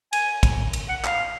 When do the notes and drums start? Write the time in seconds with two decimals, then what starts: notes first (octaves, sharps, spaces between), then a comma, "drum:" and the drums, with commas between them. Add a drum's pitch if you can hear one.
0.13 G#5, drum: cymbal
0.43 drum: kick, cymbal
0.73 drum: cymbal
0.89 F#5
1.04 F5, drum: clap